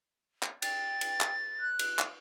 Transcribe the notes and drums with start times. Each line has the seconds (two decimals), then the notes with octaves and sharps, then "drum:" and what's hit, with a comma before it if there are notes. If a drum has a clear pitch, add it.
0.43 drum: clap
0.62 G5 A6, drum: cymbal
1.01 drum: cymbal
1.21 drum: clap
1.60 F#6
1.79 drum: cymbal
1.99 drum: clap